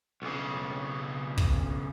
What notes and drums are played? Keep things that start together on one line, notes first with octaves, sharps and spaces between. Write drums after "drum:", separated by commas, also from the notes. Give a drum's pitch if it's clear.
B1 C#3
drum: kick